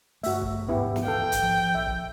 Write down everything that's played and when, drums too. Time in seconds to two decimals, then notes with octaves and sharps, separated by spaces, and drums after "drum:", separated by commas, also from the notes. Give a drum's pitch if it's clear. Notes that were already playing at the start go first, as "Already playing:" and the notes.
0.23 G2 A3 F#4 E5, drum: open hi-hat
0.42 drum: kick
0.69 D#1 G#2 B3 E4 G4
0.96 drum: snare
1.05 A4 F5 G5
1.32 drum: kick, hi-hat
1.43 F3
1.75 A#1 E5
1.86 drum: kick